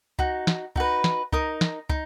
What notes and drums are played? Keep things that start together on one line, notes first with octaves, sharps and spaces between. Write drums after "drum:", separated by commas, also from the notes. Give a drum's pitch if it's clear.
D#4 F#4, drum: kick
drum: snare
D#4 F#4 B4, drum: kick
drum: snare
D#4 A#4 D#6, drum: kick
drum: snare
D#4, drum: kick